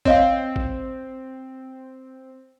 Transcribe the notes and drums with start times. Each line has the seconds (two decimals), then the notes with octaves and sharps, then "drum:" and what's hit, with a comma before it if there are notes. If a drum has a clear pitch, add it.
0.05 C4 C#5 D#5 F5, drum: kick A1
0.56 drum: kick A1